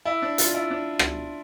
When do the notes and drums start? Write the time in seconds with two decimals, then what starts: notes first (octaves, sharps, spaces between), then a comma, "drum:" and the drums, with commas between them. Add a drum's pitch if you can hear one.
0.05 E4
0.22 D4
0.38 F4, drum: hi-hat
0.54 E4
0.71 D4
0.99 drum: rim click